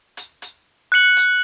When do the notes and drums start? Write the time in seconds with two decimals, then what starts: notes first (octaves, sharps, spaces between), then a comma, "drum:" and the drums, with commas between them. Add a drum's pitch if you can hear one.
0.17 drum: hi-hat
0.42 drum: hi-hat
0.92 F#6 C#7 F#7
1.17 drum: hi-hat